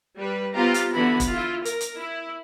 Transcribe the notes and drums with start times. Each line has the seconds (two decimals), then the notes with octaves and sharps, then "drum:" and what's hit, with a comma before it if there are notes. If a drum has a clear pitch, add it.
0.17 G3 B4
0.55 B3 C4 F4 G4 F5 A#5
0.74 drum: hi-hat
0.93 D3 E3 B3 E4 F#4 B5
1.20 drum: kick E1, hi-hat
1.29 E4 F4
1.65 A#4, drum: hi-hat
1.81 drum: hi-hat
1.97 E4